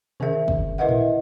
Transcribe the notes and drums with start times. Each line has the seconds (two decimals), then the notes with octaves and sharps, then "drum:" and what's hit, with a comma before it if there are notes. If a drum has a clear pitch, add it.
0.20 D#3 C#4 G#4 A#4 E5, drum: tom B2
0.48 drum: kick
0.78 E4 A#4 B4 D#5 E5 F#5
0.89 drum: tom A2